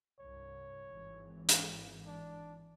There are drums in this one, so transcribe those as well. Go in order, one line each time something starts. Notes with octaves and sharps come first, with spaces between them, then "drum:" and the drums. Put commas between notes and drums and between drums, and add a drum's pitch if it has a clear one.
C2 G2 C#5
G#1 E3
drum: hi-hat
D4